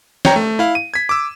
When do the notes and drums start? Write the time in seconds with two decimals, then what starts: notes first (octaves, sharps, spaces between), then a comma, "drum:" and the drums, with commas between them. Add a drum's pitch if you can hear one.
0.25 C#5 G5 A#5, drum: snare
0.36 A3
0.59 E4 F5
0.75 D#7
0.94 G#6 B6
1.09 D6 E6